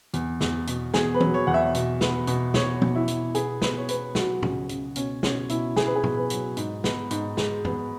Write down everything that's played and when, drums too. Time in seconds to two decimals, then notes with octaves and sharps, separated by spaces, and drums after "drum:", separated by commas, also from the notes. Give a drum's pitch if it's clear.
0.14 E2, drum: hi-hat
0.41 E2, drum: snare
0.67 B2, drum: hi-hat
0.94 E2 G#4, drum: snare
1.14 B4
1.20 F#3, drum: tom E3
1.34 C#5
1.47 E2 F#5
1.54 E5
1.75 B2, drum: hi-hat
2.01 B3, drum: snare
2.27 B2, drum: hi-hat
2.54 B3 C#5, drum: snare
2.82 B2, drum: tom
2.95 E4
3.08 B2, drum: hi-hat
3.35 B3 G#4, drum: hi-hat
3.62 B3 B4, drum: snare
3.78 C#5
3.89 B3 B4, drum: hi-hat
4.15 F#3 F#4, drum: snare
4.43 C#2, drum: tom
4.69 C#3, drum: hi-hat
4.96 B2 C#4, drum: hi-hat
5.23 B2 C#4, drum: snare
5.49 B2 E4, drum: hi-hat
5.76 B2 G#4, drum: snare
5.86 B4
5.95 G#4
6.04 B2, drum: tom
6.17 B4
6.30 F#3, drum: hi-hat
6.57 G#2, drum: hi-hat
6.84 B3, drum: snare
7.11 G#2, drum: hi-hat
7.37 G#3, drum: snare
7.65 B3, drum: tom F#2